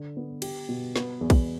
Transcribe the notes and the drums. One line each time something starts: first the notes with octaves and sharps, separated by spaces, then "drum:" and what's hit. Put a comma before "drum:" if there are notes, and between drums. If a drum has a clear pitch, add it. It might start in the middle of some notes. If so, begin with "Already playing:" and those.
Already playing: D3
B3
G4, drum: cymbal
B2
B3, drum: snare
E2
drum: kick, cymbal